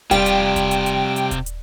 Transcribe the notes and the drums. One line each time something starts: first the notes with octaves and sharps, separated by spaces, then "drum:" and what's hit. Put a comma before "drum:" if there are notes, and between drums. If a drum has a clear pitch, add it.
C3 G3 F4 G5, drum: kick D#1, hi-hat
drum: hi-hat
drum: kick D#1, hi-hat
drum: hi-hat
drum: hi-hat
drum: hi-hat
drum: kick D#1, hi-hat
drum: hi-hat